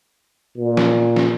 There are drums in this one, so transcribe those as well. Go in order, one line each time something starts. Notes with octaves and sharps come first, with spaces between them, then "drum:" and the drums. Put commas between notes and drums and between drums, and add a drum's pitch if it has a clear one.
A#2
drum: snare
drum: snare